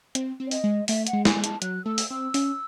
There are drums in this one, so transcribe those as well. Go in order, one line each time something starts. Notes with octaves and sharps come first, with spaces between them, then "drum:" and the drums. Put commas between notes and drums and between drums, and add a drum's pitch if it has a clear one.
C4, drum: hi-hat
C4
C#5
D#5, drum: open hi-hat
G#3
A3 E5, drum: open hi-hat
F#5, drum: hi-hat
G#3
G#5, drum: snare
G#3
A5, drum: hi-hat
F#3 F#6, drum: hi-hat
A3 E6
drum: open hi-hat
C4 E6
C#4, drum: open hi-hat